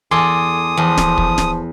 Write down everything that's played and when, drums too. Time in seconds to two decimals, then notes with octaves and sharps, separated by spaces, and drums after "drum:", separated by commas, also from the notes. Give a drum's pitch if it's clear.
0.11 E2 A4 G#5 C6 D6 D#6
0.77 E2 F3
0.98 drum: snare
1.18 drum: kick
1.38 drum: snare